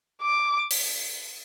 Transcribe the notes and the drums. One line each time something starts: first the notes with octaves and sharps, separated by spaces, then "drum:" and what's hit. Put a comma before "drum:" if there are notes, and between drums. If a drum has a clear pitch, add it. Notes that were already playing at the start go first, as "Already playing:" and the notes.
D6
drum: open hi-hat